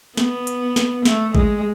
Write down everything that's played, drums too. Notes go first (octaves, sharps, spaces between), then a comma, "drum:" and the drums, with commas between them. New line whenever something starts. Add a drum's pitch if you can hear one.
B3, drum: snare
drum: hi-hat
drum: snare
A3, drum: snare
G#3, drum: kick A1